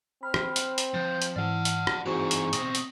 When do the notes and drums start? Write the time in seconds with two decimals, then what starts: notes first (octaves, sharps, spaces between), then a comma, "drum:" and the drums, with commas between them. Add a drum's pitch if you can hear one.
0.23 C4 B5 F6
0.34 drum: rim click
0.56 drum: hi-hat
0.78 drum: hi-hat
0.94 F3 G6
1.22 drum: hi-hat
1.36 G#2 E3 D5 F#5 F6
1.65 drum: hi-hat
1.87 drum: rim click
2.06 G#2 E3 C4 F#4 C#6
2.31 drum: hi-hat
2.53 B2 C4 D#6 A#6, drum: hi-hat
2.75 drum: hi-hat